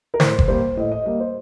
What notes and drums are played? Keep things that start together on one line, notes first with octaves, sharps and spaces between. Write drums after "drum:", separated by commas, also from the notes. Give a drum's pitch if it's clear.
A#4
A2 C5, drum: snare
drum: kick F#1
G3 A#3 C5
A2 D#5
D#5
G3 A#3 D#5
C5